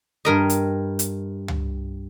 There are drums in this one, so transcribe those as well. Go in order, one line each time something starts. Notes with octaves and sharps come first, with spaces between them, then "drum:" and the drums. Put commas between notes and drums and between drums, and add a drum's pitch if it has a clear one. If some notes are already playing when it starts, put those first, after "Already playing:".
G2 A#4 D#5
drum: hi-hat
drum: hi-hat
drum: tom